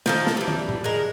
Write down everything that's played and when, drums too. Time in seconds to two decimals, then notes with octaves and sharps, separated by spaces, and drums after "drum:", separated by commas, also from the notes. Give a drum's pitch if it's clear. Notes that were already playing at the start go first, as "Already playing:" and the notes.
0.06 D#3 F3 A4, drum: snare
0.27 drum: snare
0.37 E3 G3
0.48 drum: tom
0.69 drum: tom A2
0.84 G#3 A#4